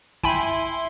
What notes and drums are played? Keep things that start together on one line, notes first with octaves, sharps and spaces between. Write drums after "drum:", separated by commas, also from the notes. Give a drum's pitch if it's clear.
E4 E5 G5 G#5 B5 C6, drum: kick